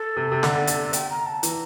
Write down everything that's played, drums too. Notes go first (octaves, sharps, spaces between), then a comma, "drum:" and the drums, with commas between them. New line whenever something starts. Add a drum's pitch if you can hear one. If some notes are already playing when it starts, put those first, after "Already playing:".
Already playing: A4
C3
C3
D3, drum: snare
drum: hi-hat
G5, drum: hi-hat
A#5
A5
E3 A#5, drum: hi-hat